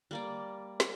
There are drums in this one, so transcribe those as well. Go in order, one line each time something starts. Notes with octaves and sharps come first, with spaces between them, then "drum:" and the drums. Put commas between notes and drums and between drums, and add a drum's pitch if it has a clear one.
G3 A#3 D5
drum: snare